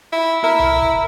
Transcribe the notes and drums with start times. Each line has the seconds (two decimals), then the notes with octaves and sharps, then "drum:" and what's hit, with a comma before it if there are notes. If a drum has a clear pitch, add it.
0.13 E4
0.44 E4 A#4
0.59 drum: tom C2
0.82 drum: kick